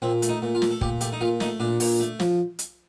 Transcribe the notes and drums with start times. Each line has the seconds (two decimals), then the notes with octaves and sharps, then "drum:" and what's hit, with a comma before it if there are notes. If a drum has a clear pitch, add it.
0.02 A#2 C4
0.22 A3, drum: hi-hat
0.29 D#4
0.42 A#2
0.55 F4
0.62 A3, drum: snare
0.71 A4
0.81 A#2 G4, drum: kick
1.01 A3 G4, drum: hi-hat
1.13 D#4
1.21 A#2 F4
1.40 A3 D#4, drum: snare
1.60 A#2 D4
1.80 A#2, drum: open hi-hat
2.00 A3
2.20 F3, drum: snare
2.59 drum: hi-hat